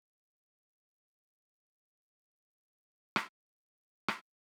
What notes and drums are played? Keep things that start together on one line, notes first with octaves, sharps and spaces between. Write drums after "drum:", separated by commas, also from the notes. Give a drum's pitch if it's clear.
C6
G6
A2
F5
B3
D4
drum: rim click
D4 E4 F4
drum: rim click
F#4 E6